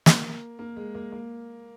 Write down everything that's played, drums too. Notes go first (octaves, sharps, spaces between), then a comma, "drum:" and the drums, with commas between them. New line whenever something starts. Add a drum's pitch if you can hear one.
A#3, drum: snare
A#3
G#3
A#3
A#3